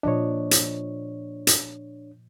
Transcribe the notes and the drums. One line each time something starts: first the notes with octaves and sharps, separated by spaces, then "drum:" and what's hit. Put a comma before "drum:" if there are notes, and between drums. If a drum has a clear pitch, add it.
A#2 F3 D4 C#5 D#5
drum: hi-hat
drum: hi-hat